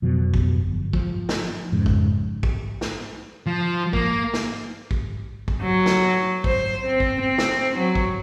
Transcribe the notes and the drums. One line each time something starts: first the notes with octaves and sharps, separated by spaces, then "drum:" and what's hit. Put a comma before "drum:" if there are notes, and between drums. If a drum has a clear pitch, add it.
F2 B2 F#3
drum: kick
G1
F3, drum: kick
drum: snare
F2 G#2 C#3
drum: kick
drum: kick
drum: snare
F3
A#3, drum: kick
drum: snare
drum: kick
drum: kick
F#3
drum: snare
C5, drum: kick
C4
drum: kick
C4
drum: snare
F#3
drum: kick